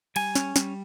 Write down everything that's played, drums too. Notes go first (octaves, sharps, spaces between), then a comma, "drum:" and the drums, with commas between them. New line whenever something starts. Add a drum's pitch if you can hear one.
G3 G#5, drum: cymbal
C#4, drum: snare
G3, drum: snare